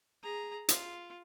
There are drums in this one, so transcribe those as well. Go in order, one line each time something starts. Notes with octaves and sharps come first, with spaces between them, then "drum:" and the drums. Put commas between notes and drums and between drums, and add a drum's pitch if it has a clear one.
G#4 A#5
F4, drum: hi-hat